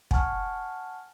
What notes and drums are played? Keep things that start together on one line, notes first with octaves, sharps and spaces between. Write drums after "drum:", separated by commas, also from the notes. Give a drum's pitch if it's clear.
F#5 G#5 A5 C#6 F6, drum: kick